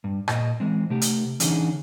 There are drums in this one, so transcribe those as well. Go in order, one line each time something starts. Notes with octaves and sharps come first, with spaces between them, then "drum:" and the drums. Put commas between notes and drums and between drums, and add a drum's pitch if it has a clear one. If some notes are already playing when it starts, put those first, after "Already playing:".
G2
A#2 D#5, drum: rim click
E3 G#3 C4
C3 A3 G4
drum: hi-hat
D3 E3 C#4 D#4 G#4, drum: hi-hat